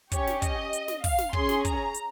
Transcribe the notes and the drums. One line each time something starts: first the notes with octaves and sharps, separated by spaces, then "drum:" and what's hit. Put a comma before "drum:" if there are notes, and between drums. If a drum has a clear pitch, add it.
C#4 G4 C#5, drum: kick, hi-hat
drum: snare
D#5, drum: kick, hi-hat
drum: hi-hat
drum: snare
F5, drum: kick, open hi-hat
drum: snare
C#4 G#4 C6, drum: kick
drum: snare
A#5, drum: kick, hi-hat
drum: hi-hat